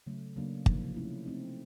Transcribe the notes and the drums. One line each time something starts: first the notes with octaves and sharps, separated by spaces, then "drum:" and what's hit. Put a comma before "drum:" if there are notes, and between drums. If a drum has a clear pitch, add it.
C#3 F#3 A3
C#3 F#3 A#3 D4
C3 F3 A#3 D#4, drum: kick
A3 C#4 E4
A3 C4 D#4